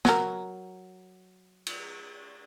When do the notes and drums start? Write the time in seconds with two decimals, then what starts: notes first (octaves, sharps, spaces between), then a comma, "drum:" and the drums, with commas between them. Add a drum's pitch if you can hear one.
0.05 F#3 A#4, drum: snare
1.66 drum: cymbal